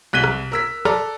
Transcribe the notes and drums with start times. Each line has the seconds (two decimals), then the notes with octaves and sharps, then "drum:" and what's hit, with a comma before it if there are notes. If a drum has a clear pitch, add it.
0.13 C2 F#6 B6 D#7 G7
0.24 drum: rim click
0.52 A#4 E6 B6
0.85 A4 D5 A#5, drum: rim click